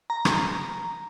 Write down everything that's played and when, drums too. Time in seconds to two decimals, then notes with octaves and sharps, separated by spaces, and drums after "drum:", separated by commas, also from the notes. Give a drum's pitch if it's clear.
0.10 A#5
0.25 drum: rim click